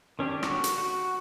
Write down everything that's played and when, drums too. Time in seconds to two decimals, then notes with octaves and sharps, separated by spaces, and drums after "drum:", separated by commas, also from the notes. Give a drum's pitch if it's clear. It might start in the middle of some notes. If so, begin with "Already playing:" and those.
0.19 D#3 C#4 D4 G4
0.43 F#4, drum: rim click
0.64 drum: hi-hat
0.78 F#4